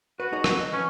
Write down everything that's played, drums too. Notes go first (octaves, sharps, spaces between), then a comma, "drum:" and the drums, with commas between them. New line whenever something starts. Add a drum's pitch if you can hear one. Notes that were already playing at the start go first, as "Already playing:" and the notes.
F#4 B4
D#4 G#4 C#5
A#3 B3, drum: rim click
D#5
F3 C#4 B4